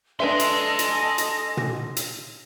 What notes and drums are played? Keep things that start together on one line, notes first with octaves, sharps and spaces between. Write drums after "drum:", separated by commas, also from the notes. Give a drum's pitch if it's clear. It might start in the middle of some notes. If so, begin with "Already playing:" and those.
D4 A4 B4 D#5 E5 G#5 C6
drum: hi-hat
drum: hi-hat
drum: hi-hat
drum: tom
drum: hi-hat